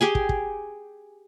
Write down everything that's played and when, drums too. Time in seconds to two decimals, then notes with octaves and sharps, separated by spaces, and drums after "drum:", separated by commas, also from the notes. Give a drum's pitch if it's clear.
0.01 G4 G#4 G#5
0.15 drum: kick
0.29 drum: kick